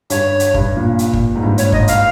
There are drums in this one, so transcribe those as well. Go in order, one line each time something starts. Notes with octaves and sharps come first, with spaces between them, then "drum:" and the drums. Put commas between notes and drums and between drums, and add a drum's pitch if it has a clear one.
G2 C#5, drum: hi-hat
drum: hi-hat
G2, drum: kick
A#2
drum: hi-hat
drum: kick
G#2
G2
C#5, drum: hi-hat
D#5, drum: kick
F5, drum: hi-hat